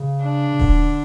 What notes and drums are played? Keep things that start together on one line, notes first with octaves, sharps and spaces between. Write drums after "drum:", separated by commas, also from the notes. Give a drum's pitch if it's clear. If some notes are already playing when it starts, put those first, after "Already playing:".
Already playing: C#3
D4
C#3
D3, drum: kick D#1